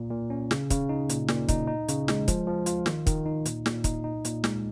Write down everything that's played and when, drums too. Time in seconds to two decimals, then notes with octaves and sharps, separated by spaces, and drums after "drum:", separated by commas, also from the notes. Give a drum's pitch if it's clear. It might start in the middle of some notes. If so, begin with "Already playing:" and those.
Already playing: A#2
0.10 A#2
0.30 C#4
0.51 C#3, drum: snare
0.70 C#3, drum: kick, hi-hat
0.89 D#4
1.10 A#2, drum: hi-hat
1.28 A#2, drum: snare
1.49 D#4, drum: kick, hi-hat
1.68 D#4
1.89 C#3, drum: hi-hat
2.08 G#3, drum: snare
2.28 F3, drum: kick, hi-hat
2.47 F3
2.66 F4, drum: hi-hat
2.86 D#3, drum: snare
3.07 D#3, drum: kick, hi-hat
3.26 D#4
3.46 A#2, drum: hi-hat
3.66 A#2, drum: snare
3.84 D#4, drum: kick, hi-hat
4.04 D#4
4.25 A#2, drum: hi-hat
4.44 G#3, drum: snare